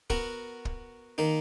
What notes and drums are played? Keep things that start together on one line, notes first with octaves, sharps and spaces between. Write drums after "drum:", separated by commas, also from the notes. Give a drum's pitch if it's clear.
B3 F#4 A#4, drum: kick
drum: kick
D#3 A#3 D#4